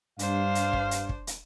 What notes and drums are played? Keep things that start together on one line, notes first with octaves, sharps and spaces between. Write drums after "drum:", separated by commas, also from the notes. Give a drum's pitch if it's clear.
G2 D4 C5 F5, drum: hi-hat
drum: hi-hat
drum: kick
drum: hi-hat
drum: kick
drum: hi-hat